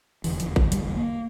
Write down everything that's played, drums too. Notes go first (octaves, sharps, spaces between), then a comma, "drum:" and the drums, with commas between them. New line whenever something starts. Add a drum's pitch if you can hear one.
F1 E2 D3 E3, drum: open hi-hat
F3, drum: hi-hat
G3, drum: kick A1
G3, drum: hi-hat
A#3